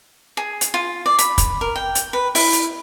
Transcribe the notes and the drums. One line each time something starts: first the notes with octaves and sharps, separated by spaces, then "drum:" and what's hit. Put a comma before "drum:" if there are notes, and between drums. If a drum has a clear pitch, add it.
G#4
drum: hi-hat
F4
D5
B5, drum: hi-hat
drum: kick, hi-hat
A#4
G5
drum: hi-hat
B4
E4, drum: open hi-hat
drum: hi-hat